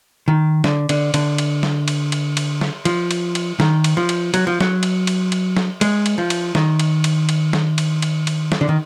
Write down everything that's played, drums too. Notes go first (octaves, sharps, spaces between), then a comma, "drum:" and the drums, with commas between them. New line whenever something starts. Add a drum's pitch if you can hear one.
D#3
D3, drum: snare
D3, drum: cymbal
D3, drum: cymbal
drum: cymbal
drum: snare
drum: cymbal
drum: cymbal
drum: cymbal
drum: snare
F3, drum: cymbal
drum: cymbal
drum: cymbal
D#3, drum: snare
drum: cymbal
F3
drum: cymbal
F#3, drum: cymbal
F3
F#3, drum: snare
drum: cymbal
drum: cymbal
drum: cymbal
drum: snare
G#3, drum: cymbal
drum: cymbal
F3
drum: cymbal
D#3, drum: snare
drum: cymbal
drum: cymbal
drum: cymbal
drum: snare
drum: cymbal
drum: cymbal
drum: cymbal
drum: snare
D3
D#3